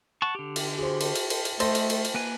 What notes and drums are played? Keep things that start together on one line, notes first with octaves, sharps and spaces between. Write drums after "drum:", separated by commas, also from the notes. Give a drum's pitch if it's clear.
F#5 A5 C#6
D3 G4
drum: cymbal
F#4 G#4 C5
drum: cymbal
drum: cymbal
drum: cymbal
drum: cymbal
A3 A4 C5 D#5, drum: cymbal
drum: cymbal
drum: cymbal
drum: cymbal
A#3 B4 G#5